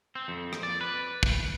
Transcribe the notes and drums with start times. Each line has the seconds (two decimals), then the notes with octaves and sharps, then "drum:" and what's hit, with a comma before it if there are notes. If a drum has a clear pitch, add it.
0.15 C4
0.28 F2
0.53 drum: rim click
0.63 D5
0.81 B4
1.23 drum: kick